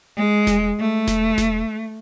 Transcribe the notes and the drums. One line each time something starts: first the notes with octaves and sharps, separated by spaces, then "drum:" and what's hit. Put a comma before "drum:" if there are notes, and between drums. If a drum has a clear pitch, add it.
G#3
drum: snare E1
A3
drum: snare E1
drum: snare E1